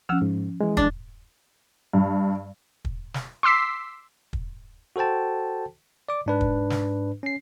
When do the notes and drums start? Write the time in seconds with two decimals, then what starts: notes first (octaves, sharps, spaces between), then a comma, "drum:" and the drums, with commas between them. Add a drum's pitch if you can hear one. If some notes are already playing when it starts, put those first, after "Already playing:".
0.09 F3 C#4 F#5 E6 F6
0.22 G#2
0.61 E3 G#3
0.77 D4, drum: kick
1.93 G2
2.85 drum: kick
3.14 drum: snare
3.43 C6 D6 E6 B6 C7
4.33 drum: kick
4.96 F#4 A4 C5 G5 A5
6.09 D5 D6
6.26 G#2 D4 B4
6.41 drum: kick
6.70 drum: snare
7.23 C#4 C7